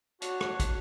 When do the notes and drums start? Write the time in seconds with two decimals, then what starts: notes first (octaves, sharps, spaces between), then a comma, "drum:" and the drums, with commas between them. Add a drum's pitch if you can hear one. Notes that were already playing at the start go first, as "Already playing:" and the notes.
0.22 D4 F#4 C#5, drum: hi-hat
0.41 drum: rim click
0.60 drum: kick, hi-hat